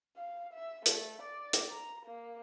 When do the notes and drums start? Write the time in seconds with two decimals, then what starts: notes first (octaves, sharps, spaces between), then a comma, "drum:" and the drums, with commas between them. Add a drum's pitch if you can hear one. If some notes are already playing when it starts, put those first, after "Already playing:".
0.17 F5
0.53 E5
0.86 A3, drum: hi-hat
1.22 D5
1.53 drum: hi-hat
1.69 A#5
2.06 A#3